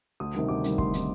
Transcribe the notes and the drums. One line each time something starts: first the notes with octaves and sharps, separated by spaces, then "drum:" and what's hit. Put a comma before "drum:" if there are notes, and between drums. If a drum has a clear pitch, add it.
D2 D#6
C3 D#3 G3
D2 D6
C3 D#3 G3, drum: hi-hat
D2 C6, drum: kick
C3 D#3 G3, drum: hi-hat